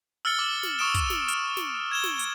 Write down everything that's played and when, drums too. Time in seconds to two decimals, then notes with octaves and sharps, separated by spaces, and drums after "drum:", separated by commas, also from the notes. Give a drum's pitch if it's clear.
0.25 E6 F6 A6 C#7 G7
0.39 D6
0.63 drum: snare
0.79 C#6 D#6 D7 E7
0.94 drum: kick, hi-hat
1.10 drum: snare
1.28 F6, drum: hi-hat
1.57 drum: snare
1.91 G#6 E7 G7
2.04 drum: snare
2.19 drum: hi-hat